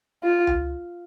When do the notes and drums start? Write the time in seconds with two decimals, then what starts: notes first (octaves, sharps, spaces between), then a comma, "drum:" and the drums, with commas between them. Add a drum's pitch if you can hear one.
0.23 F4
0.47 drum: tom C#2